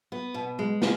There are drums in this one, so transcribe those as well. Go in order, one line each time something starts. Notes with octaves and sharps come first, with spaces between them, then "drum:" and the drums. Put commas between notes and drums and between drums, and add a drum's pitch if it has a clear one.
B3
B2
G#3
C#3, drum: snare